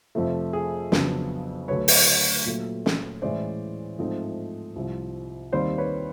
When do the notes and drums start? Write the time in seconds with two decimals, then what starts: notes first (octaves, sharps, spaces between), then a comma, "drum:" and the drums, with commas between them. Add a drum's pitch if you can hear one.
0.15 F2 C3 F3 A3
0.53 G#4
0.92 F2 C#3 F#3 B3 D4, drum: snare
1.68 D2 D3 F#3 B4 C#5
1.88 drum: open hi-hat
2.45 A#2 F#3 A3
2.86 drum: snare
3.22 A2 E3 G#3 C#4 C5 D5
3.99 G#2 F3 A3 C4 D#4
4.76 C2 C3 F3
5.52 D#2 D#3 G3 C4 C5 D5
5.78 B4 C#5